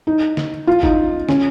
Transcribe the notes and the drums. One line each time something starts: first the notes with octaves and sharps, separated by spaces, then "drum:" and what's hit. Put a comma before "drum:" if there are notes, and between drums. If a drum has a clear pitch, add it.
D#4
drum: snare
F4
D#4, drum: kick
C#4, drum: snare